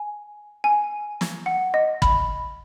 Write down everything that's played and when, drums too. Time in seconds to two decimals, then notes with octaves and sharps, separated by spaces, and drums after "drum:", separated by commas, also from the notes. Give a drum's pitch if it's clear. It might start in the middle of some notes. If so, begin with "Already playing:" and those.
Already playing: G#5
0.64 G#5
1.21 drum: snare
1.46 F#5
1.74 D#5
2.02 B5, drum: kick